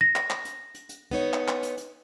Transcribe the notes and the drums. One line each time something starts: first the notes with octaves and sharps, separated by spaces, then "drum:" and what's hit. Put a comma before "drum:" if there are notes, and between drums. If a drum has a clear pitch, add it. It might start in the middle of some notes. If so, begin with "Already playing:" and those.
A#6
drum: clap
drum: clap
drum: hi-hat
drum: hi-hat
drum: hi-hat
B3 D#4 C#5
drum: clap
drum: clap
drum: hi-hat
drum: hi-hat